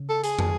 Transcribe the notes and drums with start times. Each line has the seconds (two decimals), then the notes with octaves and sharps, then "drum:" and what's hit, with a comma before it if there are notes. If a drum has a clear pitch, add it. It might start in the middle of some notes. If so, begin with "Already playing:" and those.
Already playing: C#3
0.09 A4
0.23 G#4, drum: hi-hat
0.39 drum: tom